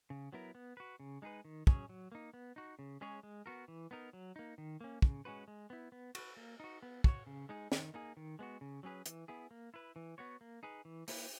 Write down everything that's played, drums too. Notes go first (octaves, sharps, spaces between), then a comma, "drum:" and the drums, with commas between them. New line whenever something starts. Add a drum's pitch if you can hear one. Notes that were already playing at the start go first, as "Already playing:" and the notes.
C#3
F#3 B3 E4 A#4
B3
F#4 B4
C#3
G#3 D#4 G#4 B4
D#3
F#3 C#4 G#4 C#5, drum: kick
F#3
A#3 D#4
B3
D#4 F#4
C#3
G#3 C#4 G#4 C#5
G#3
B3 F#4 A#4
E3
B3 D#4 A#4
F#3
A#3 D#4
D#3
A#3 C#4
C#3, drum: kick
G#3 C#4 F#4 B4
G#3
B3 E4
B3
F#4 B4, drum: cymbal
A#3
D#4 F#4
B3
F#4 C#5, drum: kick
C#3
G#3 D#4 G#4
D#3, drum: snare
A#3 D#4 G#4
D#3
G#3 B3 F#4
C#3
F#3 C#4 G#4 B4
E3, drum: hi-hat
B3 E4 G#4
A#3
E4 B4
E3
B3 F#4 C#5
A#3
D#4 G#4 B4
E3
A#3 E4 B4, drum: open hi-hat